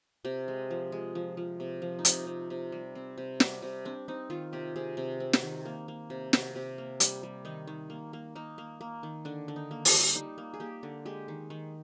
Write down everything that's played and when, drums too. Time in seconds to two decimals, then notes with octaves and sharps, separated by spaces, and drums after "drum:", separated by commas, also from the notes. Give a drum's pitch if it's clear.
0.25 C3 G4
0.48 G#3
0.70 F3
0.92 G#3
1.15 F3
1.37 F3
1.60 C3
1.82 F3
1.99 D#4
2.05 C3 F4, drum: hi-hat
2.27 C3
2.50 C3
2.72 G3
2.95 C4
3.18 C3
3.40 G3, drum: snare
3.62 C3
3.85 C4 D4
4.08 C4 D#4
4.30 D#3 F4
4.53 C3 G4
4.76 C3 G#4
4.97 C3
5.20 C4
5.33 drum: snare
5.43 D#3
5.65 A#3
5.88 A#3
6.10 C3
6.33 C3, drum: snare
6.55 C3 G4
6.78 A#3
7.00 G3, drum: hi-hat
7.23 G3
7.45 D#3 D#4
7.67 D#3
7.90 A#3
8.13 A#3
8.35 A#3 D#4
8.58 A#3
8.81 A#3
9.03 D#3
9.25 D3 D4
9.48 D3
9.56 D#4
9.71 A#3
9.85 D4, drum: open hi-hat
9.93 G3
10.16 G3 D#4
10.38 A#3
10.54 G#4
10.60 A#3 G4
10.83 D3
11.06 G#3 G4
11.28 D#3
11.50 D#3